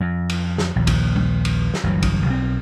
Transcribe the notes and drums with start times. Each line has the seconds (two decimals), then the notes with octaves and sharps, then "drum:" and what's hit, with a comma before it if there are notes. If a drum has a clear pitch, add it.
0.01 F2
0.29 drum: cymbal
0.58 drum: snare
0.76 A#1 D#2
0.87 drum: kick A#1, cymbal
1.16 drum: tom
1.45 drum: cymbal
1.74 drum: snare
1.84 G1 D2 E3 F#3
2.02 drum: kick A#1, cymbal
2.26 B1 C4